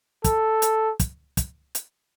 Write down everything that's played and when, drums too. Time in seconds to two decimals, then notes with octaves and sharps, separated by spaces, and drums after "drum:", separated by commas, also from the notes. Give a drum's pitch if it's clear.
0.24 A4, drum: kick, hi-hat
0.62 drum: hi-hat
1.00 drum: kick, hi-hat
1.37 drum: kick, hi-hat
1.75 drum: hi-hat